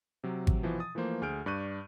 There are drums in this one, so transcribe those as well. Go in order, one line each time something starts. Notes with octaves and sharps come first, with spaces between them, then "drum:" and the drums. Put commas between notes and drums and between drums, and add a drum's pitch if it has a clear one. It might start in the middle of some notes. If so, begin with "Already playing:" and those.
C3 F#3
drum: kick G#1
B2 E3 F3
D#6 A6
E3 F3 A3 A#3 C5
D2 G#4 F6 G6 D7
G2 D5 C#6 F#6 G6 D#7